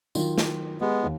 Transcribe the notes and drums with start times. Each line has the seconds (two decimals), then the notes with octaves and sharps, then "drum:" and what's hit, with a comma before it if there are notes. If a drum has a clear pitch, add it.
0.15 D#3 F#3 F4, drum: tambourine
0.38 drum: snare
0.81 G#3 B3 G4
1.03 D#2